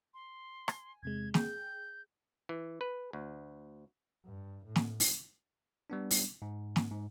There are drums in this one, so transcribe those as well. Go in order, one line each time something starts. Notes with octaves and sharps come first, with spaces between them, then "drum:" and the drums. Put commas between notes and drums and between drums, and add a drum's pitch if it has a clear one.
C6
G#5, drum: rim click
E2 C3 G#3 G#6
G#4 G5 G6, drum: snare
E3
B4
D2
G2
A2
drum: snare
drum: open hi-hat
G3 B3 D4
drum: open hi-hat
G#2
drum: snare
G#2